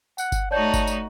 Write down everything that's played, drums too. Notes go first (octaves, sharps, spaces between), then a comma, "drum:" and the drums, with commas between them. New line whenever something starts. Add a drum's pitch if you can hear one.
F#5, drum: tambourine
drum: kick G1, tambourine
A3 D#4 F#4 C#5 D5 A5 G6
drum: kick G1, tambourine
drum: tambourine